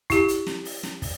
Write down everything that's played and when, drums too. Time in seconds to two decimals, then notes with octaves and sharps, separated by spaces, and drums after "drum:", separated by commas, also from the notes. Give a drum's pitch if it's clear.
0.10 E4 G4, drum: kick, hi-hat
0.28 drum: hi-hat
0.47 drum: snare
0.65 drum: open hi-hat
0.83 drum: snare
1.02 drum: kick, open hi-hat